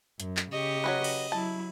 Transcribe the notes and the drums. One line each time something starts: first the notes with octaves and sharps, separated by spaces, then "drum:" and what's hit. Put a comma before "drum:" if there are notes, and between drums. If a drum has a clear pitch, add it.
F#2, drum: hi-hat
drum: clap
C#3 G4 D#5 C#6
F#3 G#3 B4
drum: cymbal
F#3 E4 A5